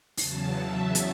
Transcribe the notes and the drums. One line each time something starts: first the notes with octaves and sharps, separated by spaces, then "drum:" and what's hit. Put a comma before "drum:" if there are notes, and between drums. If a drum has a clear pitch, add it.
E2 C#3 F#3 A5, drum: open hi-hat
E5
drum: hi-hat